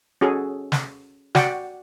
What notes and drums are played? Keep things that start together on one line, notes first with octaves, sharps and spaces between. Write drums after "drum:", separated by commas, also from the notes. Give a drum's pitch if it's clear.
C#4 F#4 G#4 A4
drum: snare
F#4 D5 F#5 G5, drum: snare